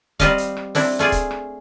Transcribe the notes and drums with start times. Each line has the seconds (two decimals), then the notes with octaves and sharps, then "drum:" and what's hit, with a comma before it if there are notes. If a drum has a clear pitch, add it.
0.20 G3 C4 F4 G4 D#5 F5, drum: kick C#1, hi-hat
0.38 drum: hi-hat
0.57 drum: rim click
0.75 C4 D4 E4, drum: open hi-hat
0.99 A3 F4 G#4 D5
1.12 drum: kick C#1, hi-hat
1.31 drum: rim click